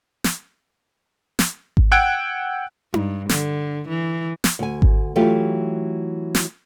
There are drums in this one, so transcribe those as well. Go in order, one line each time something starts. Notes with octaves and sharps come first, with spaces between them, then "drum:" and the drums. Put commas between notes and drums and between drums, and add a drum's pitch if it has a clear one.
drum: snare
drum: snare
drum: kick G#1
F#5 G5 E6 F#6 G#6 D7
G2, drum: tom D#4
D3, drum: snare
E3
drum: snare
D2 G#5
drum: kick G#1
E3 F#3 A3 F4 G4
drum: snare